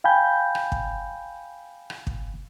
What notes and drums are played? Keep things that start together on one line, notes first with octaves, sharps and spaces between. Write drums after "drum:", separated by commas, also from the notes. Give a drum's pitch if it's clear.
F5 G5 G#5 B5 G6
drum: rim click
drum: kick
drum: rim click
drum: kick